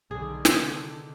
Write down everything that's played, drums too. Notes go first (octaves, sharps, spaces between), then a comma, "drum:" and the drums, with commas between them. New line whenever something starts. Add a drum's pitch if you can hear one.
B1 D3 D#3 G#4
C3, drum: snare